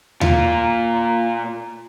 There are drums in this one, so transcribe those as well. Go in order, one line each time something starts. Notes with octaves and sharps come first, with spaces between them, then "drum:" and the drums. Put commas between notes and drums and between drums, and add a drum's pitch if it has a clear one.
A#2 F4, drum: tom D#2